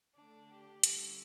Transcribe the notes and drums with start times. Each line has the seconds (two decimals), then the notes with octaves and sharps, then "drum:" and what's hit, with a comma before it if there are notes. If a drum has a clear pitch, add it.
0.16 D3 A3 D4
0.50 G4
0.83 D3 G3 C#4 E4, drum: hi-hat